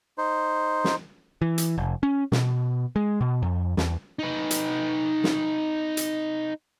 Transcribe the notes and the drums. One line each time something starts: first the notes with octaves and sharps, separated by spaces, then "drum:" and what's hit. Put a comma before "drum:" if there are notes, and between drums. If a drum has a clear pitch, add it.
D#4 C5
drum: snare
E3
drum: hi-hat
F1
C#4
B2, drum: snare
G#3
B2
F2
E2, drum: snare
D#4 B4
drum: hi-hat
drum: snare
drum: hi-hat